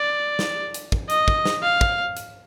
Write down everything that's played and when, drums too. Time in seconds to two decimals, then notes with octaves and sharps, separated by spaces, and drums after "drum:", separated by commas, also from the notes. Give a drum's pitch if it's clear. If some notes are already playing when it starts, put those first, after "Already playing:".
Already playing: D5
0.39 drum: snare
0.74 drum: hi-hat
0.92 drum: kick
1.10 D#5, drum: hi-hat
1.28 drum: kick
1.45 drum: snare
1.63 F5
1.81 drum: kick
2.17 drum: hi-hat